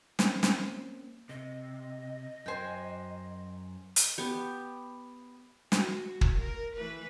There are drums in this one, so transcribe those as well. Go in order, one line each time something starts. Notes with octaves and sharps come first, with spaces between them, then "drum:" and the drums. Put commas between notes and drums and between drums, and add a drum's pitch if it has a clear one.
A#3 C4 C#4 C5, drum: snare
drum: snare
C3 D#5
F#2 C5 G5 G#5
drum: hi-hat
B3 G4
F#4, drum: snare
drum: kick
A#4
E3 A3 B4